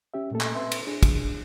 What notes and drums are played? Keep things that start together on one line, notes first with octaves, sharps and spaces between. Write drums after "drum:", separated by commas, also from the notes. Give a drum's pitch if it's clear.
C#4 G4 E5
A#2 A3 A#3 A4
drum: clap
C4 B4 E5 C6
drum: cymbal
D4 G#4
drum: kick, cymbal